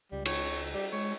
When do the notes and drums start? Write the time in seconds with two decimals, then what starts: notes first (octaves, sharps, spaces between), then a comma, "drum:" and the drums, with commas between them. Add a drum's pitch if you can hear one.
0.12 C#2 G3
0.25 C#5, drum: cymbal
0.74 G3
0.92 G#3 C#5